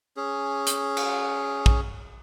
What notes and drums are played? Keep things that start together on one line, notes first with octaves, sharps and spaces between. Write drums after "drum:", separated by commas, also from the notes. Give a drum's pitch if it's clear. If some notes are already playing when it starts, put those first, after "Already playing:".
C#4 G#4
drum: hi-hat
drum: cymbal
drum: kick